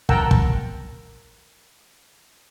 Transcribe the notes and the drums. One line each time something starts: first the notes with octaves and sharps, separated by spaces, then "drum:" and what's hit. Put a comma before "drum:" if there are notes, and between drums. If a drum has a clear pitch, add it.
A#4 F#5 G5 A5 A#5 E6, drum: kick
drum: kick